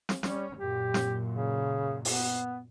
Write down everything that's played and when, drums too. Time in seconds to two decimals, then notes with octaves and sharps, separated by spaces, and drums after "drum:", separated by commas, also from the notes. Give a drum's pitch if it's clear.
0.09 drum: snare
0.23 G3 C#4, drum: snare
0.57 F#2 A#2 G4
0.94 drum: snare
1.32 C#3
2.05 B3, drum: open hi-hat